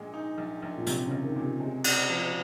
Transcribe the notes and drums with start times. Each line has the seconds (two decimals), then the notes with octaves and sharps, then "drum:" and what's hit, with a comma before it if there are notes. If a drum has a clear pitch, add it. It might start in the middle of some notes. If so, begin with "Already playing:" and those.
Already playing: A#1 A#2 G#3
0.13 D#4
0.38 A#1
0.62 A#1
0.77 A#2
0.87 A#1 C3, drum: hi-hat
1.05 C#3
1.11 A#1
1.23 D#3
1.36 A#2
1.42 C3
1.60 C3 G#3
1.84 G#3, drum: cymbal
2.09 F3